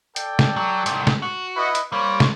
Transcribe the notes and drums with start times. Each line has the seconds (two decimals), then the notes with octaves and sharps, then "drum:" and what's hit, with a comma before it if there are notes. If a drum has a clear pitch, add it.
0.16 A4 D5 G5, drum: hi-hat
0.39 drum: snare
0.56 F#3
0.86 C2 G#2, drum: hi-hat
1.07 drum: snare
1.22 F#4
1.56 E4 B4 D#5
1.75 drum: hi-hat
1.92 G3 A#3 C5 C#5
2.20 drum: snare